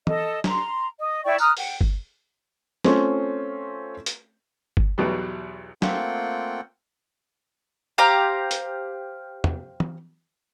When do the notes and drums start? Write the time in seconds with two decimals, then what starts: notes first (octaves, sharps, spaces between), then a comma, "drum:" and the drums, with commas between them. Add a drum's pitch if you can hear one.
0.07 A4 D#5, drum: tom
0.44 A#5 C6, drum: snare
0.98 D#5
1.24 E4 D5 G5 C#6
1.38 A#5 D#6 F6 F#6, drum: tambourine
1.57 F#5 G5, drum: open hi-hat
1.81 drum: kick G1
2.84 A3 C4 C#4 F4, drum: snare
4.06 drum: hi-hat
4.77 drum: kick G1
4.98 B1 E2 B2 F#3 G3
5.82 A3 A#3 C4 F4 F#5 G5, drum: snare
7.98 G4 C5 F5 A#5
8.51 drum: hi-hat
9.44 drum: tom
9.80 drum: tom